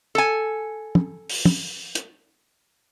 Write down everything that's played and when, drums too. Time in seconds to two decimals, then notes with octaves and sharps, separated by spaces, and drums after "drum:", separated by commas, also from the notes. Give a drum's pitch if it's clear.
0.15 A4 G#5
0.95 drum: tom
1.30 drum: open hi-hat
1.45 drum: tom
1.95 drum: hi-hat